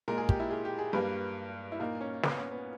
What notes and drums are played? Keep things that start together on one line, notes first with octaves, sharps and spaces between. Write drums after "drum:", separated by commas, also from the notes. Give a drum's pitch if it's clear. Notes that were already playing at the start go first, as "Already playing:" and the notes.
A#2 G#3 A#4
G#4
G4, drum: kick
E4
G#4
G4
G#4
G2 G3 A#3 B4
E4
A#2 A#3 D#4
C#4
B3, drum: snare
C#4
B3